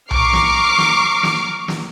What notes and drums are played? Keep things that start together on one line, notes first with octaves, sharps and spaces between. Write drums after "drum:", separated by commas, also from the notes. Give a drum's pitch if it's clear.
A#5 C#6 D6 F6 C7, drum: tom B1
drum: snare
drum: snare
drum: snare
drum: snare